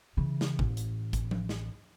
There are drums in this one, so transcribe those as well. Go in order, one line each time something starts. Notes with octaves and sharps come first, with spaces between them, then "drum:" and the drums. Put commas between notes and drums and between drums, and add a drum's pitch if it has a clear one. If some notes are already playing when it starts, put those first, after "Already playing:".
C#3 E3
drum: snare
A1, drum: kick G#1
drum: hi-hat
drum: kick G#1, hi-hat
drum: tom F3
drum: snare